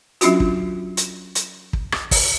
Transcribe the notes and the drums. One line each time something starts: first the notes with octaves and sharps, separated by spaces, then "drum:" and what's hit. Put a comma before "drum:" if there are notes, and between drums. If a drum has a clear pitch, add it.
F#3 C#4 D4 F4 F#4, drum: hi-hat
drum: kick
drum: hi-hat
drum: hi-hat
drum: kick
drum: rim click
drum: kick, open hi-hat